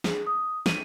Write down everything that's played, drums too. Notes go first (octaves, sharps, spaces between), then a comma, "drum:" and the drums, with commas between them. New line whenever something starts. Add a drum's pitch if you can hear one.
G#4, drum: snare
D#6
D#7, drum: snare